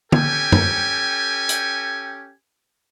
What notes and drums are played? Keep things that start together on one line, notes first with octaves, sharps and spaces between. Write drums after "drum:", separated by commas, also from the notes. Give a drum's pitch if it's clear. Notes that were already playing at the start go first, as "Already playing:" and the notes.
C#4 G4 A4 G5 G#5, drum: tom D3
drum: tom F#2
drum: hi-hat